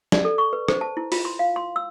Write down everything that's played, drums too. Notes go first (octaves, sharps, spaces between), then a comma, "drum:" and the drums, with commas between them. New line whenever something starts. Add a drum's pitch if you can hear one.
D5, drum: snare
A4
C#6
B4
C5, drum: rim click
A5
E4
F4, drum: open hi-hat
C6
F5
C6
E6